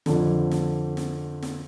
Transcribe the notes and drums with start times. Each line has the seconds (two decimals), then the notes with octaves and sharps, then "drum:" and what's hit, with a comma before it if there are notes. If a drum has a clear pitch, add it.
0.06 F2 D3, drum: snare
0.51 drum: snare
0.97 drum: snare
1.42 drum: snare